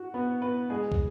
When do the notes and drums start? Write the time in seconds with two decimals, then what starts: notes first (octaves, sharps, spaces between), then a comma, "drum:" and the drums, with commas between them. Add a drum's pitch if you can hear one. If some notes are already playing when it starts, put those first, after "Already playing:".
Already playing: F#4
0.14 B3 B4
0.42 B3 B4
0.70 G#3 G#4
0.92 drum: kick